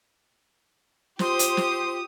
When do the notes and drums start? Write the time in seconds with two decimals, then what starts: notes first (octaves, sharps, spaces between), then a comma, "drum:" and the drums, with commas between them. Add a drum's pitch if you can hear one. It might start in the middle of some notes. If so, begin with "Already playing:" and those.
1.19 F4 G4 C5 C6 D#6, drum: snare
1.39 drum: hi-hat
1.57 drum: snare